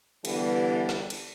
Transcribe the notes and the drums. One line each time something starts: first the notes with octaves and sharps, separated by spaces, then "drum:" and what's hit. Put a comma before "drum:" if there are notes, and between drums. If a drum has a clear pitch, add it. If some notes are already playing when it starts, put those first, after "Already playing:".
D3 E3 G3 B3, drum: cymbal
drum: snare
drum: cymbal